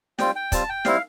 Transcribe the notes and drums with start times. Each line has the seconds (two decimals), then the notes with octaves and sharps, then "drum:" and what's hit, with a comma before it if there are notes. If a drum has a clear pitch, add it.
0.19 G3 C4 F4 G5, drum: snare
0.36 G5
0.52 G3 C4 F4 A5, drum: kick, hi-hat
0.69 G5
0.85 G3 C4 E4 F5, drum: snare